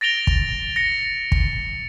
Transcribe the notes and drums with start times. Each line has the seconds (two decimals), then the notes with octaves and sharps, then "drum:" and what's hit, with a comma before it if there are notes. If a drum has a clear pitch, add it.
0.01 A6 A#6 D7 F7 G7
0.27 drum: kick
0.76 A#6 C#7
1.32 drum: kick